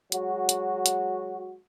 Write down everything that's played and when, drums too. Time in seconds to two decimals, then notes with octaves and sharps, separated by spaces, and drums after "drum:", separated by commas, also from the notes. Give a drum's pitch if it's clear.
0.12 F#3 G#3 F#4, drum: hi-hat
0.49 drum: hi-hat
0.86 drum: hi-hat